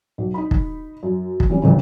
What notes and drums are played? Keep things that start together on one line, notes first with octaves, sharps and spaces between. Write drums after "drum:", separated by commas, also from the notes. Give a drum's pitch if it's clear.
B1
D#4 B5
drum: kick
F#2
drum: kick
E3 G3 C#4
G1 C2 C#3 E3